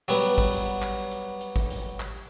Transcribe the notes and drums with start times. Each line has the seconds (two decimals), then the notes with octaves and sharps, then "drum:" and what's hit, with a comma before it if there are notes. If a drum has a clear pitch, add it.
0.08 F#3 G3 B3
0.23 drum: hi-hat
0.38 drum: kick G#1
0.53 drum: hi-hat
0.82 drum: clap
1.11 drum: hi-hat
1.41 drum: hi-hat
1.56 drum: kick G#1
1.70 drum: hi-hat
2.00 drum: clap